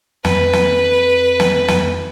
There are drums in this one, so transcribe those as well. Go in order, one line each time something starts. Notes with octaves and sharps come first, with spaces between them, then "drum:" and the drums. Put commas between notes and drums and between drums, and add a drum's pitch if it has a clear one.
F2 B4, drum: snare
drum: snare
drum: snare
drum: snare